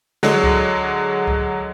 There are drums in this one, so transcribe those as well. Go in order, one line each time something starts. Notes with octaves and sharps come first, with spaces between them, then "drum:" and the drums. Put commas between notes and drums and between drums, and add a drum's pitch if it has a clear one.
D3 F#3 G#3, drum: snare
drum: kick C#2
drum: kick C#2